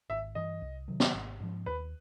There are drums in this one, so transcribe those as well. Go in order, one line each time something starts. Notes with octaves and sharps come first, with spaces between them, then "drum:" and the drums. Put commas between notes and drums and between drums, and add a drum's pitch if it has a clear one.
G#1 E5
G2 E3 D#5
C2
C3 D#3 F#3
drum: snare
G#1
G#2 F3
D#2 B4